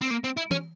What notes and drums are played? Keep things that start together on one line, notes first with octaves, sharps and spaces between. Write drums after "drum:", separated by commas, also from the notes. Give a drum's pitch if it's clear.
C4
A#3
C4
E4
C#4, drum: tom